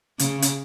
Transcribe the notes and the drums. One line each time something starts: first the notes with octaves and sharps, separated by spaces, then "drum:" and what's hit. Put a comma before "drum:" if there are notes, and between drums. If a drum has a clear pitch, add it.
C#3, drum: hi-hat
drum: hi-hat